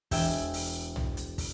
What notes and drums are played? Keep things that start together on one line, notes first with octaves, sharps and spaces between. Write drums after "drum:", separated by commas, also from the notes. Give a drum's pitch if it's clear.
E1 E5 G5 G#5 G6, drum: kick, open hi-hat
drum: open hi-hat
drum: tom
drum: hi-hat
drum: kick, open hi-hat